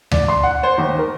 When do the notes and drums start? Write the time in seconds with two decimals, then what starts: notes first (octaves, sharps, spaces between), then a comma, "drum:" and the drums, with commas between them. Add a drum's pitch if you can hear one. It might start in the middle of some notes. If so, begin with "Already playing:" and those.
0.11 D5, drum: tom D2
0.28 C6
0.43 F#5
0.63 C5
0.78 D#2
0.98 A#4